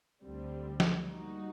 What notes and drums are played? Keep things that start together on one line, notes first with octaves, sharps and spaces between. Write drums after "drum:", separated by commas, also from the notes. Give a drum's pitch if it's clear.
D2 D3 G3 C4
drum: snare F3
G3 A#3 D#4 F#4